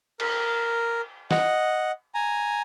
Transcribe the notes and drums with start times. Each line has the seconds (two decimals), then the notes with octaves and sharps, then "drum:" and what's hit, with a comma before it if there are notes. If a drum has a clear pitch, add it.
0.20 A#4, drum: cymbal
1.31 D#5 F#5, drum: snare
2.14 G#5 A#5